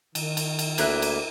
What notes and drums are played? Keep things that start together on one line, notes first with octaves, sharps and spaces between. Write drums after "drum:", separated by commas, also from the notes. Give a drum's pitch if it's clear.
D#3, drum: cymbal
drum: cymbal
drum: cymbal
D2 A#3 E4 F#6, drum: cymbal
drum: cymbal